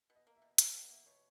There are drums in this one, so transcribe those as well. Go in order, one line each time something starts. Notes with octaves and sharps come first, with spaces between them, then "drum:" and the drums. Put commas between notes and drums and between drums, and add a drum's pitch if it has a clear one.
B2
D#5
A#3
E5
B2
E4 E5, drum: hi-hat
B2 F#5
A#3 E5
B2 C#5